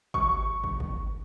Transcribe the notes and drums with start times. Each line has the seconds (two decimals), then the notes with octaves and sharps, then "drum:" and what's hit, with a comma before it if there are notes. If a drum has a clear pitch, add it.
0.14 C#6, drum: kick
0.64 drum: kick
0.80 drum: kick